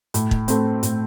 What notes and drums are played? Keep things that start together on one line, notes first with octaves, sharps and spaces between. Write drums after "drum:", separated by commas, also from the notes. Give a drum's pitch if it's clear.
A2, drum: hi-hat
drum: kick
A3 C4, drum: hi-hat
A2, drum: hi-hat